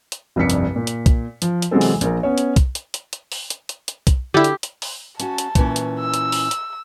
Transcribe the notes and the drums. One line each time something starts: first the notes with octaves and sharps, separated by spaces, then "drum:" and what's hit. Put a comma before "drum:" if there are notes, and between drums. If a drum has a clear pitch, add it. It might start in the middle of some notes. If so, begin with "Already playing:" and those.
drum: hi-hat
F1 C2 G2 B6 C#7
drum: hi-hat
A#2
drum: hi-hat
drum: kick B1, hi-hat
F3, drum: hi-hat
drum: hi-hat
C3 E3 F#3 G#3 C4 A4
drum: open hi-hat
A#1 A#4, drum: hi-hat
B3 C#4 C#5
drum: hi-hat
drum: kick B1, hi-hat
drum: hi-hat
drum: hi-hat
drum: hi-hat
drum: open hi-hat
drum: hi-hat
drum: hi-hat
drum: hi-hat
drum: kick B1, hi-hat
D3 E4 G4
drum: hi-hat
drum: hi-hat
drum: open hi-hat
C#4 F#4 A5, drum: hi-hat
drum: hi-hat
A#2 E3 C#4, drum: kick B1, hi-hat
drum: hi-hat
E6
drum: hi-hat
drum: open hi-hat
drum: hi-hat